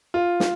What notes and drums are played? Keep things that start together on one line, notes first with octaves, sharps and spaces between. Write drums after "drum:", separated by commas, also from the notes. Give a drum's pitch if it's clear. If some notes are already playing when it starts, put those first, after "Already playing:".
F4
drum: snare